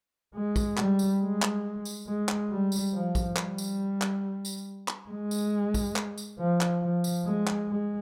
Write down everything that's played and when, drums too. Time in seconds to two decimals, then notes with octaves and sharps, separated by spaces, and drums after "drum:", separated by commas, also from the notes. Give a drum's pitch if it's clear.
0.35 G#3
0.56 drum: kick, tambourine
0.77 G3, drum: clap
0.99 drum: tambourine
1.20 G#3
1.42 drum: clap
1.85 drum: tambourine
2.07 G#3
2.29 drum: clap
2.50 G3
2.72 drum: tambourine
2.94 F3
3.15 drum: kick, tambourine
3.36 G3, drum: clap
3.58 drum: tambourine
4.02 drum: clap
4.45 drum: tambourine
4.88 drum: clap
5.10 G#3
5.31 drum: tambourine
5.74 drum: kick, tambourine
5.96 drum: clap
6.18 drum: tambourine
6.39 F3
6.61 drum: clap
6.83 F3
7.04 drum: tambourine
7.26 G#3
7.47 drum: clap
7.69 G#3